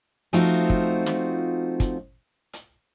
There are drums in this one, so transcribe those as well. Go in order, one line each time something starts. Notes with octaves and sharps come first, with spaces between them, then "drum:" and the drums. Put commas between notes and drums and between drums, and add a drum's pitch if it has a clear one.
F3 A3 C4 D#4 F4 F#4, drum: hi-hat
drum: kick
drum: snare
drum: kick, hi-hat
drum: hi-hat